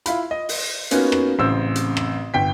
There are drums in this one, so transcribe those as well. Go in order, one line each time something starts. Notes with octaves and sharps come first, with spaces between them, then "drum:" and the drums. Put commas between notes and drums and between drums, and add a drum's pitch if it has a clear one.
E4 F4 B5, drum: hi-hat
D#5
drum: open hi-hat
A#3 B3 C#4 D#4 F4 F#4, drum: hi-hat
drum: rim click
A1 C#3 C4 E6
drum: hi-hat
drum: rim click
G1 G5 B6